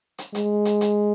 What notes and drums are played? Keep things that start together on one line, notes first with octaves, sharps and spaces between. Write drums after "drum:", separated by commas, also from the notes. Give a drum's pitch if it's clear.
drum: hi-hat
G#3, drum: hi-hat
drum: hi-hat
drum: hi-hat